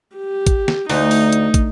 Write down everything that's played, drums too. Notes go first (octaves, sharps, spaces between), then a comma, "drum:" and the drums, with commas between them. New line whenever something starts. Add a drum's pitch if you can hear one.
G4
drum: kick, hi-hat
drum: snare
D2 D#4, drum: open hi-hat
drum: open hi-hat
drum: hi-hat
drum: kick, hi-hat